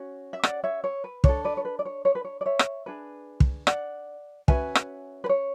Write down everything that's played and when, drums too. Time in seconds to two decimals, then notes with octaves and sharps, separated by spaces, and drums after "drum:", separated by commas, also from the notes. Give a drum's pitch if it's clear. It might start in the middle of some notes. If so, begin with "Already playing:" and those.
Already playing: C#4 F#4
0.33 E5
0.43 D5 F#5, drum: rim click
0.64 C#5 E5
0.84 C#5
1.04 B4
1.24 D4 A4 C#5, drum: kick
1.45 B4 D5
1.57 C#5
1.65 B4
1.79 D5
1.85 C#5
2.05 C#5
2.15 B4
2.25 C#5
2.41 D5
2.46 C#5 E5
2.59 drum: rim click
2.86 D4 G#4 B4
3.40 drum: kick
3.67 D5 F#5, drum: rim click
4.48 C#4 F#4 B4 E5 G#5, drum: kick
4.75 drum: rim click
5.24 B4
5.29 C#5